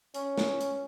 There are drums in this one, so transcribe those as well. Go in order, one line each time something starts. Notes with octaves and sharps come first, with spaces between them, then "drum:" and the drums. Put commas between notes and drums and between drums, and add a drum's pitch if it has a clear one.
C#4, drum: hi-hat
drum: snare
drum: hi-hat